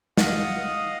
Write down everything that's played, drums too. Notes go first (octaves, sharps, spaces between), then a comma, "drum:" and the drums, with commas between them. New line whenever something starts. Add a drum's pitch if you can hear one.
D#5 F5 F#5 D#6, drum: snare